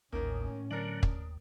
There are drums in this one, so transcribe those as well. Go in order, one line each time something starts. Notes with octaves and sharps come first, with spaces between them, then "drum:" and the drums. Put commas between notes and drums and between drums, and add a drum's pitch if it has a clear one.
A1 D#2 A2 D#3 A#3 C#4
D3 F#3 D4 A#4
D#2, drum: kick